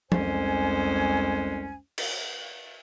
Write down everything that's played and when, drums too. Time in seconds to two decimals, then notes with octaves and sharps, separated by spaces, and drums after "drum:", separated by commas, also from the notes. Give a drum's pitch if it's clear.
0.12 C2 F2 G#3 C#4 C5 G#5, drum: tom
1.98 drum: cymbal